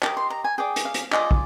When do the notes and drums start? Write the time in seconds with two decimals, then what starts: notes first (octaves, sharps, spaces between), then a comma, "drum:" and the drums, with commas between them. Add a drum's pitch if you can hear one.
0.03 G4 A#4 D#5 D6, drum: clap
0.17 C6
0.30 A#5
0.44 G#5
0.58 G#4 D5 G5
0.76 drum: hi-hat
0.85 F5
0.94 drum: hi-hat
1.12 F4 G#4 D5 D#5, drum: clap
1.31 drum: kick